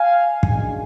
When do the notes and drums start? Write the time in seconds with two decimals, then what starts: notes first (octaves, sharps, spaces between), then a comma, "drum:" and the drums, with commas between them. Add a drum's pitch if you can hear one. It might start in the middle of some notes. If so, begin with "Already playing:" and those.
Already playing: F5 G#5
0.43 F#2 D#3 G#3 D4 F5 G#5, drum: kick